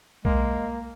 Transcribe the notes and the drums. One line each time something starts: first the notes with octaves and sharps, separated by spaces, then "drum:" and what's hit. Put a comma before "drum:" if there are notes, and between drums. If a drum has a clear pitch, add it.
G#3 A#3, drum: kick B1